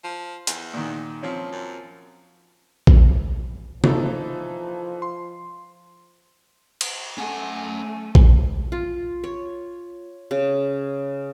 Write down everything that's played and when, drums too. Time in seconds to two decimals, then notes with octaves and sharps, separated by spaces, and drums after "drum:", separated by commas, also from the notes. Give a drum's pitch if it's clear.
0.04 F3
0.47 E2, drum: hi-hat
0.74 A#2 D#3
1.23 A#2 F3 C4 C#4
1.52 F#2
2.87 drum: kick A#1
3.84 E3 F3 D#4 A4, drum: tom C3
5.02 C6
6.81 drum: cymbal
7.18 A3 C#4 F#5 G#5
8.15 drum: kick A#1
8.72 F4
9.24 C#5
10.31 C#3